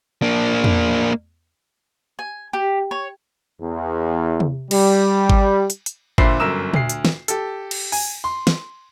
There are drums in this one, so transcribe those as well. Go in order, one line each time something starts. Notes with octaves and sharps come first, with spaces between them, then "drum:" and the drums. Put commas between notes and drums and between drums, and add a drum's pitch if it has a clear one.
A#3 D4
drum: tom
G#5
G4
C#5
E2
drum: tom C3
G3, drum: cymbal
drum: kick G#1
drum: hi-hat
drum: hi-hat
A#2 D3 C5 E5 B5 C7, drum: kick G#1
G1 F#2 A#4 E6 E7
D2 C7, drum: tom
drum: hi-hat
drum: snare
G4 A4, drum: hi-hat
drum: cymbal
G#5, drum: open hi-hat
C6
drum: snare